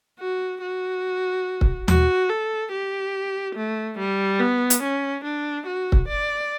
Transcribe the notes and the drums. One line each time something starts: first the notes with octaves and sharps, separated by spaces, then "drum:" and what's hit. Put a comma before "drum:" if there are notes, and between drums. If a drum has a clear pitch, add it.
F#4
F#4
drum: kick C#1
F#4, drum: tom D#2
A4
G4
A3
G3
B3
drum: hi-hat
C#4
D4
F#4
drum: kick C#1
D5